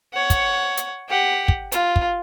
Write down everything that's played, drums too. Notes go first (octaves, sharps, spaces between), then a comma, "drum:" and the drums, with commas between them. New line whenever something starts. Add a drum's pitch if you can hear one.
C#5 F#5
drum: kick, hi-hat
drum: hi-hat
G4 F#5
drum: kick
F4, drum: hi-hat
drum: kick